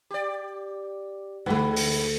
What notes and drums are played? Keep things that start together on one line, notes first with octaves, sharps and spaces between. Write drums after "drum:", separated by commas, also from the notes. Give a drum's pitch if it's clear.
G4 D5
D2 D3 G#3 A3 B4
drum: open hi-hat